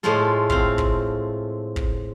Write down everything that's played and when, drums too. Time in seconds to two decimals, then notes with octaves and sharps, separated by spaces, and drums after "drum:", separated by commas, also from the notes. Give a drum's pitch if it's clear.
0.03 A2 F3 G#3 A3 F4 A4
0.50 C4 F5, drum: kick
0.78 drum: kick
1.76 drum: kick